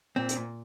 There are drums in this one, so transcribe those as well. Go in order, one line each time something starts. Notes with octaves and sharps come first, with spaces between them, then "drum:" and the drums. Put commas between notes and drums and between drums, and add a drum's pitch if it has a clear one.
A#2 C4
drum: hi-hat